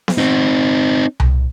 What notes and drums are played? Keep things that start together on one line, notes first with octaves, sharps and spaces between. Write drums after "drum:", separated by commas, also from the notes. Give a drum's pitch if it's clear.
drum: snare B3
C4 D#4
drum: tom C2